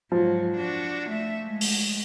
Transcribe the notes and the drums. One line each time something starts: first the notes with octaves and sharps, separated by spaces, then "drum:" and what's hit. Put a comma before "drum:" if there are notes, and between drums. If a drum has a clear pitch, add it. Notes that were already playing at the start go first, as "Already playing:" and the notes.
G#2 F3 F#3
D4 F#4
A3 E5
G#3 A3
drum: open hi-hat